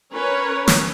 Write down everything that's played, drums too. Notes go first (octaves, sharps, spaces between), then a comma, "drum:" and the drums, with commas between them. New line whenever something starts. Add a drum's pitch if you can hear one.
C#4 A#4 B4 C#5
drum: snare